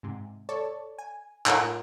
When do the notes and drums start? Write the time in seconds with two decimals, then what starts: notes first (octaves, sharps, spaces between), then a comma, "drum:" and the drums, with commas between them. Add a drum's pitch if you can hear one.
0.03 G#2 C3
0.49 A4 C#5 D5 A5 C#6
0.98 G#5
1.46 A2 F4 A#4, drum: clap